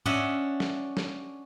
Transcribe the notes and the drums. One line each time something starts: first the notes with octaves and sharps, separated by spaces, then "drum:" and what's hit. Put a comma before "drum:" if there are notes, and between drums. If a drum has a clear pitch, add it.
C#4 D4 D#5 E5 F#5, drum: tom
drum: snare
drum: snare